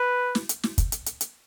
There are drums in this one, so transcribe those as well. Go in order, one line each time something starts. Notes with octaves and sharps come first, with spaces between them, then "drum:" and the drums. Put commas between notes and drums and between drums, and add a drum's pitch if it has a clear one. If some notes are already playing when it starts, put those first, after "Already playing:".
Already playing: B4
drum: snare
drum: hi-hat
drum: snare
drum: kick, hi-hat
drum: hi-hat
drum: hi-hat
drum: hi-hat